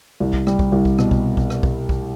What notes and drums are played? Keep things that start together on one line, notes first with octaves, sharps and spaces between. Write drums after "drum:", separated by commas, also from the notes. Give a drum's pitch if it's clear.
C2
drum: kick
G3, drum: rim click
drum: kick
C2
drum: kick
B2, drum: rim click
drum: kick
drum: kick
drum: rim click
drum: kick
drum: kick